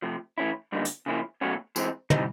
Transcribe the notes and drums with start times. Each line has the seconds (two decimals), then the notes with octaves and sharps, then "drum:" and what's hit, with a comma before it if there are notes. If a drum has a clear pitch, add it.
0.02 C3 F3 A3
0.38 E3 A3 C#4 E4
0.72 G2 D3 G3 A#3 D#4
0.85 drum: hi-hat
1.06 C#3 F3 A#3 C#4 E4
1.41 B2 F#3 A3 C#4 F#4
1.76 E3 G#3 C4, drum: tambourine
2.10 E3 G3 C4 D#4, drum: tom